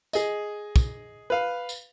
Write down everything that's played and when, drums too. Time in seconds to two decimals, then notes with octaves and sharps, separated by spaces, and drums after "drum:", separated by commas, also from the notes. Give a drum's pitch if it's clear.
0.13 G#4 D#5, drum: tambourine
0.76 drum: kick, tambourine
1.30 B4 F5
1.69 drum: tambourine